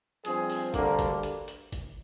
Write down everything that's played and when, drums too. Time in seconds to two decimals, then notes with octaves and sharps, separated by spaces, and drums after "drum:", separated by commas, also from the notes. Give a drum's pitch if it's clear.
0.25 G2 F3 C4 G#4, drum: hi-hat
0.50 drum: open hi-hat
0.74 D2 D3 G3 A#3 A#4, drum: kick G1, hi-hat
0.99 drum: kick G1, hi-hat
1.23 drum: hi-hat
1.48 drum: hi-hat
1.72 drum: kick G1, hi-hat